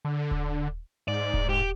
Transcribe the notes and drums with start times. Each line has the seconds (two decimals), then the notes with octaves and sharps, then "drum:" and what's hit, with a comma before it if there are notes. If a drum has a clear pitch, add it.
0.05 D3
0.31 drum: kick D#1
1.08 G#2 D5
1.34 drum: kick D#1
1.49 G4